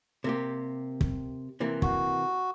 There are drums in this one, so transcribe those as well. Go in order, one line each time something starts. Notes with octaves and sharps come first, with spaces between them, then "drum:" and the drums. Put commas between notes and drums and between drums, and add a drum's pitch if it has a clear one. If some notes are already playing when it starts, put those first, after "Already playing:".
C3 A#3 G4
drum: kick
C3 E3 A#3
F#4, drum: kick